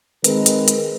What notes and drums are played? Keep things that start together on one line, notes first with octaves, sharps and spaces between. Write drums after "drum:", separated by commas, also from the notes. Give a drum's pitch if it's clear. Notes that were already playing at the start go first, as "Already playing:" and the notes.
D#3 G#3 C4 A#4 B4, drum: hi-hat
drum: hi-hat
drum: hi-hat